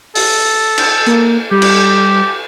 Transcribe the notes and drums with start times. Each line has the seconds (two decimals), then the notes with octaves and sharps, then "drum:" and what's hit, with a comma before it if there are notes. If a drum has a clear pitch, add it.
0.15 A4, drum: open hi-hat
0.78 drum: cymbal
1.06 A#3, drum: hi-hat
1.51 G3 G4
1.62 drum: cymbal